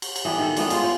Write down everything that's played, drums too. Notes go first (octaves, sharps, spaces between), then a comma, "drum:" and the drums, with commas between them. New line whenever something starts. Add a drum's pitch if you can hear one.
drum: cymbal
drum: cymbal
E3 G3 B3 A4
D#3 E3 A4
G3 A3 B3 D4, drum: cymbal
G#3 F4 C#5, drum: cymbal
C#5 G5